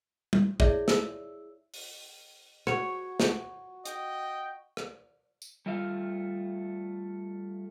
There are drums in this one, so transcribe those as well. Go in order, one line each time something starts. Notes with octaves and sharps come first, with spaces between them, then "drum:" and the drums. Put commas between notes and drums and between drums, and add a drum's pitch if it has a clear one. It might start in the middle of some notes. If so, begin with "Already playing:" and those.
drum: tom
E4 G#4 C#5 D5 E5, drum: kick
E6, drum: snare
drum: open hi-hat
F#4 C#5, drum: rim click
drum: snare
D#5 G5, drum: hi-hat
drum: rim click
drum: tambourine
G3 A3 F4 E5 F5